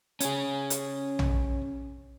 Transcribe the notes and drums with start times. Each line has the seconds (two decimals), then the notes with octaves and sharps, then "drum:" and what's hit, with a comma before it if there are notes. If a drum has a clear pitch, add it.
0.20 C#4 G#4, drum: hi-hat
0.70 drum: hi-hat
1.19 drum: tom A#1